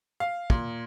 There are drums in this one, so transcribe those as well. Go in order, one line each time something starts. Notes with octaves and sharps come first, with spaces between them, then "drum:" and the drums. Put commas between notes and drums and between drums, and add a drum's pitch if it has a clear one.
F5
A#2, drum: kick